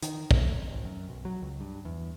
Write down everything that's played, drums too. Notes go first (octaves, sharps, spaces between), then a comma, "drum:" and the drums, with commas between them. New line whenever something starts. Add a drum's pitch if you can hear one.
D#3, drum: hi-hat
D2, drum: kick
G#1
G#1
F#2
B1
F#3
C#2
G2
E2